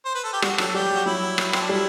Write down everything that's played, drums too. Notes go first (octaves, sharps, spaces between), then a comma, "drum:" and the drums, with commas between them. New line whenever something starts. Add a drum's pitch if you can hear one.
C5
B4
A4
G4
G3 F#4, drum: rim click
F#3 A4, drum: rim click
G3 G4
F#4
F#3 E4
drum: rim click
C4, drum: rim click
D4
G3 E4